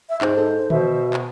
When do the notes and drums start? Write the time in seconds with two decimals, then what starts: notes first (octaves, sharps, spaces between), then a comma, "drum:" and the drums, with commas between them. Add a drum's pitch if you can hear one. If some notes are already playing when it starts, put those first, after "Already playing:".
0.09 E5
0.21 G#2 D#4 C5, drum: clap
0.37 D#4 A4
0.70 B2 B4 E5, drum: tom D3
1.14 drum: clap